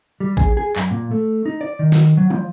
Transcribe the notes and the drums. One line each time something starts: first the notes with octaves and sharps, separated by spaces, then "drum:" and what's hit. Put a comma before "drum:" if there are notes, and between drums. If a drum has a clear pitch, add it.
G3
G#4, drum: kick A1
G#4
F#2, drum: clap
A#2
A3
D#4
D5
D#3
drum: snare
F#3
F3, drum: tom